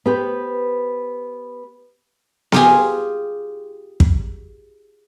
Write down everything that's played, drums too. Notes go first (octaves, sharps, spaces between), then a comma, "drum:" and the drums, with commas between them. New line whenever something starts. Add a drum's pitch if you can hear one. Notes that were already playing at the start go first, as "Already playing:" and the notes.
B3 G4 B4 C5
F4 G4 G#4, drum: snare B3
drum: kick